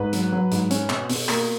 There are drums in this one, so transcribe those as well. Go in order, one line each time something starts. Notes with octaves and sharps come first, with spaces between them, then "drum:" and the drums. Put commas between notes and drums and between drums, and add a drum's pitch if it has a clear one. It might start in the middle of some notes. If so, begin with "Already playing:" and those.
Already playing: G#2 B4
F#3, drum: hi-hat
F#3
G#2, drum: hi-hat
C#4, drum: hi-hat
B2, drum: clap
B2, drum: open hi-hat
A#3, drum: clap